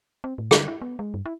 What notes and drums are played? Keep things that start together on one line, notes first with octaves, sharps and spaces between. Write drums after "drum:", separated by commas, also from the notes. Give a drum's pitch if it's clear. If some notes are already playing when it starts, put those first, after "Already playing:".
C4
A2
D3, drum: rim click
E4
B3
G#3
G2
E4